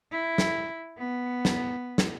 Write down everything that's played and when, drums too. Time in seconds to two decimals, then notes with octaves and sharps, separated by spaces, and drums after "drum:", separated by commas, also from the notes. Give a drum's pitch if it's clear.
0.12 E4
0.38 drum: snare
0.98 B3
1.45 drum: snare
1.98 drum: snare